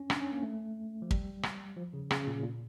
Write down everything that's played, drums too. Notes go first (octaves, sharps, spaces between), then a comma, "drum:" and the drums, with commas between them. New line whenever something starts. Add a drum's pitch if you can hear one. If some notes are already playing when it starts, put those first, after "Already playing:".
Already playing: C#4
D4, drum: rim click
C#4
A#3
A3
F3
G3, drum: kick
drum: rim click
F3
C#3
C#3, drum: rim click
A#2
A#2